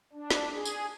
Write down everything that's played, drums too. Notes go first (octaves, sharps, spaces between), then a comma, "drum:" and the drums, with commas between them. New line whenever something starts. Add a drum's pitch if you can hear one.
D4
drum: snare
G#4
drum: tambourine